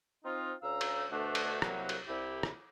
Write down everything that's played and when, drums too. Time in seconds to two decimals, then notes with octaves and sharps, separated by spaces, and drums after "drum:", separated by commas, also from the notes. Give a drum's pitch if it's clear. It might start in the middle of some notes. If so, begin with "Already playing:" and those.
0.25 C4 D#4 F4
0.62 D2 C#4 F5 A#5 E6
0.81 drum: cymbal
1.11 D2 B2 A3 D4 F#4 F#5
1.35 drum: cymbal
1.62 C2 C3 F#3 A#3 B4 F#5, drum: rim click
1.89 drum: cymbal
2.08 C2 E4 G4
2.43 drum: rim click